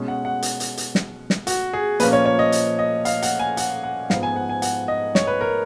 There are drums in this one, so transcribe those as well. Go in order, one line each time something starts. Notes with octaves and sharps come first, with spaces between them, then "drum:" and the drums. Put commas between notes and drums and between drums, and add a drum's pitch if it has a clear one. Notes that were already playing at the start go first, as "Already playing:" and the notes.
Already playing: B2 G#3 C#4
F#5
F#5
drum: hi-hat
drum: hi-hat
drum: hi-hat
drum: snare
drum: snare
F#4, drum: hi-hat
G#4
A#2 F3 A#3 C#4 B4, drum: hi-hat
C#5
C#5
D#5
drum: hi-hat
D#5
F5, drum: hi-hat
F#5, drum: hi-hat
G#5
F#5, drum: hi-hat
F#5
G#2 F3 B3 F5, drum: snare
G#5
F#5
G#5
F#5, drum: hi-hat
D#5
C#5, drum: snare
B4
A#4